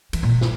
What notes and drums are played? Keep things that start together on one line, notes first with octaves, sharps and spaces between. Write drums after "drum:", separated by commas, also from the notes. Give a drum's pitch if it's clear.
E3, drum: cymbal
A#2
drum: snare